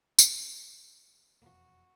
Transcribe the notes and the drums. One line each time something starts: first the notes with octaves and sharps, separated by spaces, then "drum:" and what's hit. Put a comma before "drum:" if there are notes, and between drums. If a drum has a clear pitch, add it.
B2, drum: tambourine
E1 F2 F3 A#3 F#4